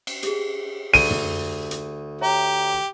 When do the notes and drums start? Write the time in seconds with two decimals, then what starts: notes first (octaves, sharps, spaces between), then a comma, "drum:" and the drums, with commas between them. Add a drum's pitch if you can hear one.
0.07 drum: cymbal
0.23 G4 G#4, drum: hi-hat
0.94 D2 D#7, drum: open hi-hat
1.11 drum: tom
1.71 drum: hi-hat
2.21 G4 C#5 E5 A#5